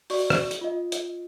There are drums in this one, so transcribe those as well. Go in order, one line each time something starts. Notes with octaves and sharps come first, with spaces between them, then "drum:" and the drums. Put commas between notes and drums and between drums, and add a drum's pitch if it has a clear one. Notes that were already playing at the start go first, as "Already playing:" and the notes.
F#4 D5 C#6, drum: open hi-hat
drum: rim click
drum: hi-hat
F4 D#5
drum: hi-hat